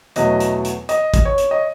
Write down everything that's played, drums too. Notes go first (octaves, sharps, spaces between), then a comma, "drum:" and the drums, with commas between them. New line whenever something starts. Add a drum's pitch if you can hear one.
E2 B2 F#3 A3 D#5, drum: hi-hat
drum: hi-hat
drum: hi-hat
D#5, drum: hi-hat
drum: kick, hi-hat
C#5
drum: hi-hat
D#5